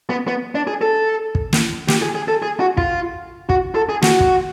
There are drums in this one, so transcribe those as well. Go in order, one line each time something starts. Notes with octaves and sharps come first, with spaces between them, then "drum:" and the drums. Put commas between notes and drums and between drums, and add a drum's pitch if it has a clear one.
B3
B3
D4
G#4
A4
drum: kick
drum: snare
G4, drum: snare
G#4
G#4
A4
G#4
F#4
F4, drum: kick
F#4, drum: kick
A4
G#4
F#4, drum: snare
drum: kick